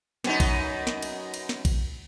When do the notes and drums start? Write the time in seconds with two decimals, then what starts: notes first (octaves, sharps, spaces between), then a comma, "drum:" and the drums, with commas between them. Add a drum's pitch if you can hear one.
0.24 F#2 B3 D#4, drum: snare
0.40 drum: kick A#1, cymbal
0.87 drum: snare
1.02 drum: cymbal
1.34 drum: cymbal
1.49 drum: snare
1.65 drum: kick A#1, cymbal